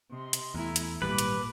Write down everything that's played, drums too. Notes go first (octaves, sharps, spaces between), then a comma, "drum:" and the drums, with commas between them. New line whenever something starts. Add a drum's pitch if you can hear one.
C3 D#5 C6
drum: hi-hat
E2 A3 E4 G#5 A#5
drum: hi-hat
G#1 A#2 G3 B4 A5 D6
drum: hi-hat